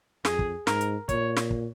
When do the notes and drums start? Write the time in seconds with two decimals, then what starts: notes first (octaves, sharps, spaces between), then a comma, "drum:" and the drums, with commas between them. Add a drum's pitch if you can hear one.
0.25 F2 G#4, drum: snare
0.39 drum: kick
0.67 G#2 A#4, drum: snare
0.81 drum: hi-hat
1.09 A#2 C#5, drum: kick, hi-hat
1.37 drum: snare
1.51 drum: kick